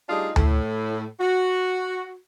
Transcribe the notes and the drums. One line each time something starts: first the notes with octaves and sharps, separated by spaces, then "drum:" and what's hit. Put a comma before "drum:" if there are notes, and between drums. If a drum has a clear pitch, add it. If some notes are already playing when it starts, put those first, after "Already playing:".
G3 A3 D4 D#4 F4 G#4
A2, drum: tom D2
F#4